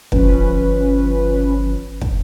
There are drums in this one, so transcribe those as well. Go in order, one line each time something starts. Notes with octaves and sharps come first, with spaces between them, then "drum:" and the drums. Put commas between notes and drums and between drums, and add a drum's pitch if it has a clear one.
G1 F3 C#4 B4, drum: kick
drum: kick